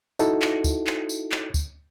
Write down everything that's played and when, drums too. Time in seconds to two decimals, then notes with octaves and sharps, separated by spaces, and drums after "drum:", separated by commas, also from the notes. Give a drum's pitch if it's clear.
0.19 D#4 E4 F#4 A4, drum: tambourine
0.42 drum: clap
0.64 drum: kick D2, tambourine
0.87 drum: clap
1.09 drum: tambourine
1.32 drum: clap
1.54 drum: kick D2, tambourine